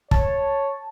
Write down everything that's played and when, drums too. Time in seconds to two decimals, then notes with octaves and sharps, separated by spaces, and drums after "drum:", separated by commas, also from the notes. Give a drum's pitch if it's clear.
0.11 C#5 A5, drum: kick